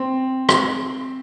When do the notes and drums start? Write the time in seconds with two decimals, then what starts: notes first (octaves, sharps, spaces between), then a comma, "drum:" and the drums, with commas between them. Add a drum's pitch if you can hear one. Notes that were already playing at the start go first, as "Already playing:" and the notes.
Already playing: C4
0.49 drum: rim click